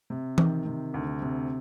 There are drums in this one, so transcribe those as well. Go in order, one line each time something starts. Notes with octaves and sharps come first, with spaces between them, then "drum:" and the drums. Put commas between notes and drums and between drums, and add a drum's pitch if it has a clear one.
C3
D#3, drum: tom E3
C3
D2
C3